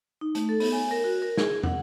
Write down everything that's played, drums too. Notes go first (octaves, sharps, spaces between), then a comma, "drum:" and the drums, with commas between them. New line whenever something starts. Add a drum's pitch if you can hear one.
D#4
A3, drum: hi-hat
A4
B3, drum: open hi-hat
G#5
A#4
F#4
A#4
G#4, drum: snare
F#5, drum: tom